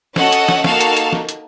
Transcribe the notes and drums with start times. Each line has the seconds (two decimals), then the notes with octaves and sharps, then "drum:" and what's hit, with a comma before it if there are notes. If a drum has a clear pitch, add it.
0.16 C#4 F#4 A4 D#5 F#5, drum: snare
0.33 drum: hi-hat
0.49 drum: snare
0.64 A#3 D#4 F#4 A4 F5 A5, drum: snare
0.81 drum: hi-hat
0.97 drum: hi-hat
1.13 drum: snare
1.29 drum: hi-hat